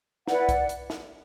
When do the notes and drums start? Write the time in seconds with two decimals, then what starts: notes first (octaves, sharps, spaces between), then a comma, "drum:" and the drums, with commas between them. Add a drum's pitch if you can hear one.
0.28 E4 B4 D5 F#5, drum: snare
0.49 drum: kick C2, hi-hat
0.69 drum: hi-hat
0.90 drum: snare